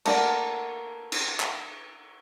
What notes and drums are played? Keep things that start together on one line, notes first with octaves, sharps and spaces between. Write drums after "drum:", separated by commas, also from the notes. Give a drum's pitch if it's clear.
A3 A#3 A#4 D5 F#5, drum: cymbal
drum: cymbal
drum: clap